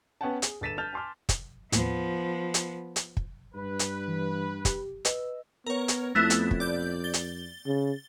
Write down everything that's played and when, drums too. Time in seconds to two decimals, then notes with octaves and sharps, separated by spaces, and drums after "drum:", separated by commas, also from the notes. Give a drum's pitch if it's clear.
0.21 B3 C#4 C#5 F#5 G5 A5
0.42 G#4, drum: hi-hat
0.61 G1 A4 A6 B6 D#7 E7
0.78 A5 F6 G6 A6 E7 F7
0.93 G#5 A5 C6 D6 F6
1.29 drum: kick, hi-hat
1.72 D#2 A2 F3 B3, drum: hi-hat
2.54 drum: hi-hat
2.96 drum: hi-hat
3.17 drum: kick
3.55 G2 B4
3.79 drum: hi-hat
4.08 E3
4.65 G4, drum: kick, hi-hat
5.05 B4 D#5 E6, drum: hi-hat
5.66 B3 A#4 C#5
5.88 drum: hi-hat
6.15 F2 A3 B3 E4
6.30 drum: hi-hat
6.51 drum: kick
6.60 D5 G6
7.04 A6 G7
7.13 drum: hi-hat
7.66 C#3